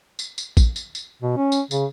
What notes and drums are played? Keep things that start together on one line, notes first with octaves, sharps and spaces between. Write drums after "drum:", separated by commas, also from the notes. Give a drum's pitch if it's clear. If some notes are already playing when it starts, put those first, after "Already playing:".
drum: tambourine
drum: tambourine
drum: kick A#1, tambourine
drum: tambourine
drum: tambourine
B2
C#4
drum: tambourine
C#3, drum: tambourine